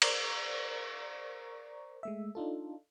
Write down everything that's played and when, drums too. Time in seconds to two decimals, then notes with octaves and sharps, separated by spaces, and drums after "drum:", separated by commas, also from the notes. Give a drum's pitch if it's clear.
0.02 A#4 C5 D5 A#5 C#6, drum: cymbal
2.03 G#3 A3 E5
2.35 D4 D#4 F4 A4